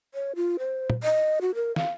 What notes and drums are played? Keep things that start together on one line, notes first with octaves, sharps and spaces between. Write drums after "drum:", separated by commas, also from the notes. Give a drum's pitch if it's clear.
C#5
F4
C5
drum: tom
D#5
F#4
A#4
F5, drum: snare